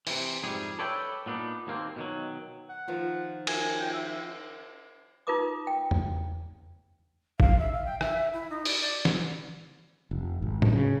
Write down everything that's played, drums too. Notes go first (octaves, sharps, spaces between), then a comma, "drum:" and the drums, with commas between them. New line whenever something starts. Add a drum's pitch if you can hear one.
C3 E3, drum: open hi-hat
F2 G#2 C3 G3 G#4
A4 B4 C#5 D5 E5 G5
A#2 B3 D4 D#4
D#2 B2 A#3 C4
B2 D#3 F#3
F#5
D#3 F3 F4
G#5, drum: cymbal
G5
E5
D#4 F4 A#4 B4 D6 D#6
G5
drum: tom E2
F5, drum: kick G#1
E5
F5
G5
E5, drum: rim click
E4
D#4
D5, drum: open hi-hat
D5
drum: snare
F1
G#1
drum: tom A2
C#3